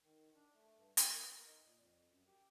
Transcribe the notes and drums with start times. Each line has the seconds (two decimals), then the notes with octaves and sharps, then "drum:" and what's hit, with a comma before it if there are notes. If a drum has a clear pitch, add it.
0.01 D#3
0.34 D4
0.53 A3
0.76 G2
0.97 A#3, drum: hi-hat
1.18 B3
1.31 A#4
1.45 D#4
1.64 A#2
1.78 F2
2.09 F#2
2.27 G4